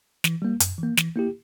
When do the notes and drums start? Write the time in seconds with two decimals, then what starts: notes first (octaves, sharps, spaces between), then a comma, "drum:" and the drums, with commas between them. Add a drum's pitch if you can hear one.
0.24 E3, drum: snare
0.42 G3 A#3
0.60 F#2, drum: hi-hat
0.78 E3
0.83 A#3
0.98 E3, drum: snare
1.16 A#3 E4 G4